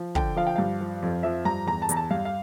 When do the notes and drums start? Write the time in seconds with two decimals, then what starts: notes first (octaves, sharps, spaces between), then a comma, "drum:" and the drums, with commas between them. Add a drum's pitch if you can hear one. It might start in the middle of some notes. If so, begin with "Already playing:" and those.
Already playing: F3
0.15 D3 G5, drum: kick
0.36 F3 F5
0.47 G5
0.56 G2 F5
0.81 F3
1.02 F2
1.23 F3 E5
1.45 G2 A#5
1.66 E2 A#5
1.82 A5
1.89 E2 A#5, drum: hi-hat
1.96 A5
2.10 G2 F5
2.25 F5